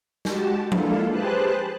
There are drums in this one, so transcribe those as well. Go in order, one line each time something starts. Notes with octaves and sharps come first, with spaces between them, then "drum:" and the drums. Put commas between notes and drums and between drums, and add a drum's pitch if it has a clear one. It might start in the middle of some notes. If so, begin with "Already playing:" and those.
G#3 F#4 G4 A5, drum: snare
G#3 A#3 D4 E4 F4 A4, drum: tom F3
G4 G#4 B4 C5 A5 F#6